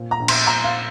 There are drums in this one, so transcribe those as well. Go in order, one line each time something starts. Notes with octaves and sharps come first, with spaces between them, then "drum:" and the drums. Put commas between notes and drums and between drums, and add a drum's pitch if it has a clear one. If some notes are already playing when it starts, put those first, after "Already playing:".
Already playing: A#2 C4
A#5
A#1
C6, drum: cymbal
A#2 A#5
F5